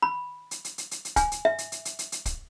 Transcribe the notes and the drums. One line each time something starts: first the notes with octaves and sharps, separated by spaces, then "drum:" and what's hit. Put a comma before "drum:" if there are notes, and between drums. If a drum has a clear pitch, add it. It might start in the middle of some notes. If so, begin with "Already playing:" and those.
B5
drum: hi-hat
drum: hi-hat
drum: hi-hat
drum: hi-hat
drum: hi-hat
G#5, drum: kick, hi-hat
drum: hi-hat
E5
drum: hi-hat
drum: hi-hat
drum: hi-hat
drum: hi-hat
drum: hi-hat
drum: kick, hi-hat